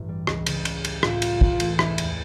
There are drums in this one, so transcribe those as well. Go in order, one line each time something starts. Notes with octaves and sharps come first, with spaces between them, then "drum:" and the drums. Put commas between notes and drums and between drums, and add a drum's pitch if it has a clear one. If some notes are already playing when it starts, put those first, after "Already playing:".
Already playing: A1 G2 E3 A3
G3
C#2, drum: rim click
C#3, drum: cymbal
C#4, drum: cymbal
G4, drum: cymbal
A2 F4, drum: rim click
G3, drum: cymbal
E3, drum: kick
A3, drum: cymbal
F1 E4, drum: rim click
E2, drum: cymbal